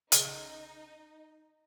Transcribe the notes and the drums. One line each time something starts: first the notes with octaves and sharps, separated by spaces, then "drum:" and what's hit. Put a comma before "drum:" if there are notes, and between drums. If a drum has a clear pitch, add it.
B1 C#3 D#4, drum: hi-hat